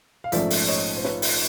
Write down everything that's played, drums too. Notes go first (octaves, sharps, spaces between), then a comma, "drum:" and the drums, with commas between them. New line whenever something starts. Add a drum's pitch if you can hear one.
F5
A#1 G#2 F3 A3 C#4 D5 E5, drum: hi-hat
drum: open hi-hat
C#5 D#5
C5
B4 C#5, drum: snare
drum: open hi-hat